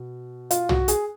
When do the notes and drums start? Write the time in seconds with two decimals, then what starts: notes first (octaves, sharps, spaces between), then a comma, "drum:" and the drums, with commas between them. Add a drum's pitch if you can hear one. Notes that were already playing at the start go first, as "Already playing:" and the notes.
Already playing: B2
0.51 F4, drum: hi-hat
0.69 F#4, drum: tom
0.88 G#4, drum: hi-hat